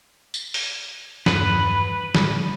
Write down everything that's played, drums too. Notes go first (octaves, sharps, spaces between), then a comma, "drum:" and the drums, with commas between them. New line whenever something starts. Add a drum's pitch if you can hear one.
drum: tambourine
drum: open hi-hat
E2 G2 D#3 B4, drum: snare
A2 D3 G3, drum: snare